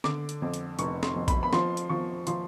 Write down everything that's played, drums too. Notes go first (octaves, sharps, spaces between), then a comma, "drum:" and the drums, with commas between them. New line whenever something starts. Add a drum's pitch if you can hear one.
D3 D6, drum: snare
drum: hi-hat
F2
drum: hi-hat
F1 C#6, drum: hi-hat
C6, drum: snare
F2
B5, drum: kick, hi-hat
B5
F3 C6, drum: snare
drum: hi-hat
F3 C#6
F3 C6, drum: hi-hat